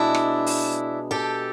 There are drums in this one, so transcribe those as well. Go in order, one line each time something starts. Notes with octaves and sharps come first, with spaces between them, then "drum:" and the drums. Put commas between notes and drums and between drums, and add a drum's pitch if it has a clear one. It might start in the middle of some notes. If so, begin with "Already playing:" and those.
Already playing: B2 G#3 D4 E4
drum: rim click
drum: open hi-hat
G4 A4